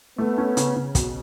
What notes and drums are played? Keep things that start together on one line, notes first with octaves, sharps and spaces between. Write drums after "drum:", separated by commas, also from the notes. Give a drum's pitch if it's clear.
A3 B3
C#4
C#3, drum: hi-hat
C#3
B2, drum: kick, hi-hat